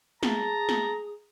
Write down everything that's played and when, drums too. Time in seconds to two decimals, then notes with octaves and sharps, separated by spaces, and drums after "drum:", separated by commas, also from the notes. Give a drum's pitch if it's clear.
0.23 G#4 A5 A#5, drum: snare
0.69 drum: snare